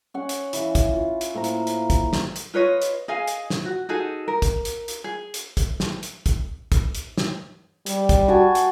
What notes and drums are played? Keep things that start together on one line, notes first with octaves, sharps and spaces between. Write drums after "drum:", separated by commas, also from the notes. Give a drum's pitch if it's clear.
C#4 F#5
drum: hi-hat
E3 F5, drum: hi-hat
drum: kick, hi-hat
F4
drum: hi-hat
A2 A#3 C5 A#5
drum: hi-hat
drum: hi-hat
drum: kick, hi-hat
drum: snare
drum: hi-hat
F4 B4 C#5 D#5
drum: hi-hat
G#4 D#5 F5 G#5
drum: hi-hat
drum: snare
F#4
D#4 F#4 G#4 A4
A#4
drum: kick, hi-hat
drum: hi-hat
drum: hi-hat
G#4
drum: hi-hat
drum: kick, hi-hat
drum: snare
drum: hi-hat
drum: kick, hi-hat
drum: kick, hi-hat
drum: hi-hat
drum: snare
G3, drum: hi-hat
drum: kick, hi-hat
F#4 G#5 A5
drum: hi-hat